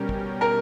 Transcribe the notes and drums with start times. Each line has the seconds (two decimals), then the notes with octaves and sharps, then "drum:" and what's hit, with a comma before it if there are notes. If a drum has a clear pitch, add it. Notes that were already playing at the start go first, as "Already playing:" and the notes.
Already playing: B2 G3 C#4 G4 A#4
0.09 drum: kick
0.41 A#4